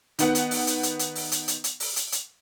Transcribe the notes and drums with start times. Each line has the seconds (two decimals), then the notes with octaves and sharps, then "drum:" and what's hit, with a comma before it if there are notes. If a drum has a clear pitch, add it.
0.19 D#3 B3 F#5, drum: hi-hat
0.35 drum: hi-hat
0.51 drum: open hi-hat
0.67 drum: hi-hat
0.83 drum: hi-hat
0.99 drum: hi-hat
1.15 drum: open hi-hat
1.32 drum: hi-hat
1.48 drum: hi-hat
1.64 drum: hi-hat
1.80 drum: open hi-hat
1.96 drum: hi-hat
2.12 drum: hi-hat